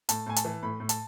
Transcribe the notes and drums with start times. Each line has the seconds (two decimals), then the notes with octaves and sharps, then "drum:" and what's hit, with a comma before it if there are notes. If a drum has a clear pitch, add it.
0.09 A2 A5, drum: hi-hat
0.26 A2 G#5
0.36 A5, drum: hi-hat
0.45 E3
0.63 A2 B5
0.80 A2
0.89 A5, drum: hi-hat